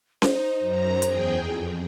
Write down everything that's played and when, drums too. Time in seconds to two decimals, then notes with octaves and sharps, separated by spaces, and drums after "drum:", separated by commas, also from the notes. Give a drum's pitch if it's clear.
0.22 D#4 C5, drum: snare C#4
0.60 F#2 A#5
1.02 E2 G#4 G5, drum: hi-hat
1.39 F2